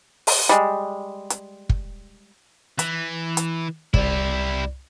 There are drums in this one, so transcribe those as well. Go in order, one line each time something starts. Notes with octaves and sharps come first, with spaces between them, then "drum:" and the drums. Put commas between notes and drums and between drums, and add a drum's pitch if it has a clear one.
drum: open hi-hat
G3 G#3
drum: hi-hat
drum: kick
E3, drum: hi-hat
drum: hi-hat
C2 G3 E4 D5, drum: kick